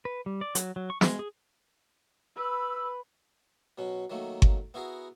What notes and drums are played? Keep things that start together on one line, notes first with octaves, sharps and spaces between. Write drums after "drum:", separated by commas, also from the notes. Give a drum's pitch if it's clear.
B4
G3
D5
F#3, drum: hi-hat
F#3
C#6
G#3, drum: snare
G#4
B4 B5 E6
B2 F#3 C#4
D#3 F#3 A3 A#3
drum: kick G1
B3 E4 F#4 G#4 A#4